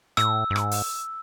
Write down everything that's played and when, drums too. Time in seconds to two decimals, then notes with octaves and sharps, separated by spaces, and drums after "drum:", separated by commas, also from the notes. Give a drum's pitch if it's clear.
0.17 A2 E6, drum: rim click
0.50 G2
0.56 G#2, drum: rim click
0.71 drum: open hi-hat